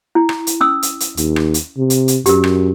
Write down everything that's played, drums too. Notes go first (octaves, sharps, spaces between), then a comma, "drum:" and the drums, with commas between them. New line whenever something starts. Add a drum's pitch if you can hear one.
E4
drum: rim click
drum: hi-hat
C#4 D#6 E6
drum: hi-hat
drum: hi-hat
D#2, drum: hi-hat
drum: rim click
drum: hi-hat
C3
drum: hi-hat
drum: hi-hat
F#2 G4 A#4, drum: hi-hat
drum: rim click